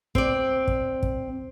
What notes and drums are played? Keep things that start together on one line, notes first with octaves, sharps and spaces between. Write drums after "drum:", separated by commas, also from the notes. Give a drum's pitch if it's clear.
C4 D5, drum: kick
drum: kick
drum: kick